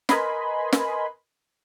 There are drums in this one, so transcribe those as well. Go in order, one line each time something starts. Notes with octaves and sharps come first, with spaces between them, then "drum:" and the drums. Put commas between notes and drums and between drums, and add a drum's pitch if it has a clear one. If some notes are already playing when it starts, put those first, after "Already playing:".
A#4 B4 D#5 G#5 B5 C6, drum: snare
drum: snare